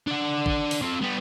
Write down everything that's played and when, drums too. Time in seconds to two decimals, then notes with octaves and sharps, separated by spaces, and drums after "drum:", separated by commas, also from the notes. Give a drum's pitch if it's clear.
0.07 D4 F#5
0.46 drum: kick
0.71 drum: open hi-hat
0.82 C4 A4
1.02 G3 B3